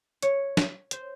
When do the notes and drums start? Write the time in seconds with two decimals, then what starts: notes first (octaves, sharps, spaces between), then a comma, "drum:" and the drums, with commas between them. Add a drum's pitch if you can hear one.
0.23 C#5, drum: hi-hat
0.57 drum: snare
0.91 C5, drum: hi-hat